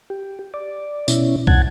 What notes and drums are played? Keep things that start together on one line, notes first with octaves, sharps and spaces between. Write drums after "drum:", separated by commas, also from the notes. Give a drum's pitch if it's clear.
G4
D5
B2 C#4 E4, drum: tambourine
F#5 A5 G#6, drum: kick